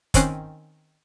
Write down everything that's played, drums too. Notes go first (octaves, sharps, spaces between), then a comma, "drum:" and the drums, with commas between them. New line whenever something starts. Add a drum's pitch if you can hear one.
D#3 C4 C#4 F#6 C7, drum: kick, hi-hat